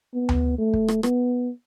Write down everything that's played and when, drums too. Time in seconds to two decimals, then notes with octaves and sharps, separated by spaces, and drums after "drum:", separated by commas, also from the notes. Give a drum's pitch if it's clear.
0.14 B3
0.29 drum: tom D2
0.58 A3
0.73 drum: kick
0.88 drum: rim click
1.03 B3, drum: rim click